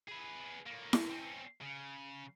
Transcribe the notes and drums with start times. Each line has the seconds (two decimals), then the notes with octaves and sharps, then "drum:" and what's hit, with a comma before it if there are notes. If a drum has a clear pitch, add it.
0.09 G#4 B4
0.67 A2 A#3
0.93 drum: snare E4
1.10 C4 C#4
1.61 C#3